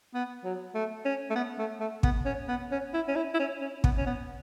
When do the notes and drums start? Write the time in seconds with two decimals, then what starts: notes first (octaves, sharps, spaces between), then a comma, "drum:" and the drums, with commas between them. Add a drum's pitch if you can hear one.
0.15 B3
0.44 F#3
0.75 A3
1.05 C#4
1.30 A3
1.36 B3
1.58 A3
1.80 A3
2.03 B3, drum: kick
2.25 C#4
2.48 B3
2.71 C#4
2.94 E4
3.08 C#4
3.16 E4
3.34 E4
3.39 C#4
3.61 C#4
3.84 B3, drum: kick
3.98 C#4
4.06 B3